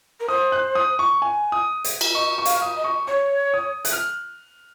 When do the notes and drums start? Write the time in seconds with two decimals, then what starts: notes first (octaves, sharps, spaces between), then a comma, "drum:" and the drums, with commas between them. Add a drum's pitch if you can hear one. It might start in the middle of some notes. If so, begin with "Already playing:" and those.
0.20 A#4
0.29 C5 D#6
0.52 F#6
0.75 D#6
0.99 C#6
1.22 G#5
1.52 D#6
1.84 drum: hi-hat
2.01 drum: cymbal
2.14 D#5 C#6
2.38 C#6
2.45 F5, drum: hi-hat
2.62 D#6
2.77 D#5
2.84 C#6
3.07 C#5 C#6
3.54 D#6
3.85 F#6, drum: hi-hat
3.92 F6